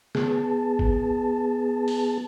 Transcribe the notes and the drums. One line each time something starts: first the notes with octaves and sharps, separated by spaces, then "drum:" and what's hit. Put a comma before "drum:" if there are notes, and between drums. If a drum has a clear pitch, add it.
B3 G#4 A5, drum: snare
drum: kick G#1
drum: open hi-hat